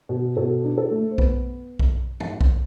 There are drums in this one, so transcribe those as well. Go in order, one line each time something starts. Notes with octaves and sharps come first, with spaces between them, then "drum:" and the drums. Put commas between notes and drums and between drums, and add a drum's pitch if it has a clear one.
B2
B2 A4
D4
A4
A3
C5
B3 B4, drum: kick B1
drum: kick B1
drum: tom
drum: kick B1